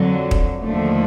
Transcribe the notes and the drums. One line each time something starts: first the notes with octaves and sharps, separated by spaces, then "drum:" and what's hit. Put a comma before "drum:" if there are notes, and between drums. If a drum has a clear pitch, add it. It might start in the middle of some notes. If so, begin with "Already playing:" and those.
Already playing: F2 D3 F#3
drum: kick
D#2 D3 F3 A3